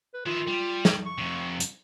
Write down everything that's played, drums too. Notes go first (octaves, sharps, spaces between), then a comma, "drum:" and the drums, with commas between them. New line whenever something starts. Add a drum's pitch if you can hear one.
B4
D#3 E4 F4
G3
drum: snare
C#6
F2 C3
drum: hi-hat